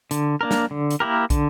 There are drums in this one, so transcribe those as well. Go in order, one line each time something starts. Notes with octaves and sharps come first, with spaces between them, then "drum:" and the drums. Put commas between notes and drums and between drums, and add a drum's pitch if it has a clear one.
D3, drum: hi-hat
A#3 D4 A#4
drum: snare
D3
drum: hi-hat
A#3 E4 G4 A#4
D3, drum: kick, hi-hat